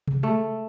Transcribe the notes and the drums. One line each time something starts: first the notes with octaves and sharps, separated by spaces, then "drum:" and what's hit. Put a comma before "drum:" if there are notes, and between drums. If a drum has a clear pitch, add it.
drum: tom C3
A3